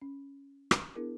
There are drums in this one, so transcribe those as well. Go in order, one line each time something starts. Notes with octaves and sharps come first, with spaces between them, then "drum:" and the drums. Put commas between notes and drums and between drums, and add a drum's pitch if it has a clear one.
C#4
drum: rim click
B3 D4 E4 G#4 A#4